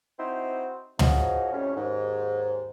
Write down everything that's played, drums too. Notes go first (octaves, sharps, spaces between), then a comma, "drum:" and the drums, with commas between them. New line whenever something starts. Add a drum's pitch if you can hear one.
C4 D#4 E4 F#4 C5
G#2 F3 F#3 D#4 F#4 G#4, drum: tom
F2 A2 G3 C#4
D#2 G#2